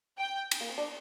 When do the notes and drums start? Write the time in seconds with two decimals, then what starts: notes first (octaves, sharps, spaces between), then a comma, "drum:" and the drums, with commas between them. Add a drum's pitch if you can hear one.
0.18 G5
0.51 drum: cymbal
0.61 A#3
0.69 C4
0.78 D4